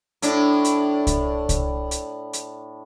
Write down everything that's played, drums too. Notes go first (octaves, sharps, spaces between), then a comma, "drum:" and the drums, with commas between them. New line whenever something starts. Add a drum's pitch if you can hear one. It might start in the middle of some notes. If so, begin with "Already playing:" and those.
A2 D4, drum: hi-hat
drum: hi-hat
drum: kick C2, hi-hat
drum: kick C2, hi-hat
drum: hi-hat
drum: hi-hat